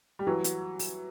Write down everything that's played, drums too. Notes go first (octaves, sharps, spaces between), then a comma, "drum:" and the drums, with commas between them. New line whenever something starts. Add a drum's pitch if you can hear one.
G3
E3 F#3
drum: hi-hat
drum: open hi-hat